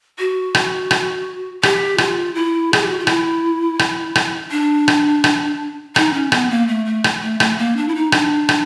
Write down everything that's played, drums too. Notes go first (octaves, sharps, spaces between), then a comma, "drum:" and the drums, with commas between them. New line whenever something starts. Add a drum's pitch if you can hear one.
F#4
drum: rim click
drum: rim click
G4, drum: rim click
F4, drum: rim click
E4
G#4, drum: rim click
G4
F#4
F4
E4, drum: rim click
drum: rim click
drum: rim click
D4
drum: rim click
drum: rim click
D#4, drum: rim click
C#4
B3, drum: rim click
A#3
A3
A3
drum: rim click
A3
A3, drum: rim click
A#3
D4
E4
D#4
D4, drum: rim click
drum: rim click